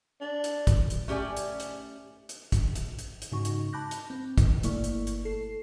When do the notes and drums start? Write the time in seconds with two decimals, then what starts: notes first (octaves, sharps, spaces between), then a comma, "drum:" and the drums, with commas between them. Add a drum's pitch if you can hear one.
0.21 D4
0.44 drum: hi-hat
0.67 drum: kick, hi-hat
0.90 drum: hi-hat
1.08 A3 C#4 G4 D5 G#5
1.37 drum: hi-hat
1.60 drum: hi-hat
2.29 drum: hi-hat
2.52 drum: kick, hi-hat
2.75 drum: hi-hat
2.99 drum: hi-hat
3.22 drum: hi-hat
3.32 G#2 C#3 D#4 F#4 C#6
3.45 drum: hi-hat
3.73 A5 B5 D6 F#6 G6 A#6
3.91 drum: hi-hat
4.10 C4
4.38 drum: kick, hi-hat
4.63 G1 A3 A#3 E4 D5 C#6, drum: hi-hat
4.84 drum: hi-hat
5.07 drum: hi-hat
5.25 A4 C7